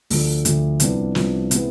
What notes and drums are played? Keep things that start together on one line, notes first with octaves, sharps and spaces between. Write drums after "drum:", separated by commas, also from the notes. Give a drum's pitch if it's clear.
D2 D3 F3, drum: open hi-hat
D2 D3 F3, drum: hi-hat
C2 C3 F3 B3 D4, drum: hi-hat
C2 C3 F3 B3 D4, drum: snare
C3 E3 G#3 B3, drum: hi-hat